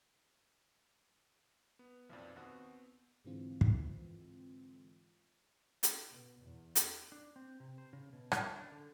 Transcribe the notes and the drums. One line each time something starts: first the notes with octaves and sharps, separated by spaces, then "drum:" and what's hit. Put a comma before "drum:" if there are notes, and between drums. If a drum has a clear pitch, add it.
B3
B1 F2 A#2 F3 D5
D#2 B3 C4 F#4 D#6
G#2 D3 E3 G#3 C4 F4
drum: kick
drum: hi-hat
B2
E2
drum: hi-hat
D4
C4
C3
C5
C#3
B2
C#5, drum: rim click
D4
D3